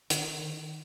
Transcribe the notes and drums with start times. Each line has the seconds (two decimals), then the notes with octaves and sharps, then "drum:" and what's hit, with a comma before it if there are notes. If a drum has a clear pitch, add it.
0.10 D#3, drum: hi-hat